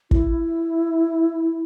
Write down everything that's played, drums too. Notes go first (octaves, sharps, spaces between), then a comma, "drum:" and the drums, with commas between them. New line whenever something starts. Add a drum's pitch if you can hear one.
E4, drum: kick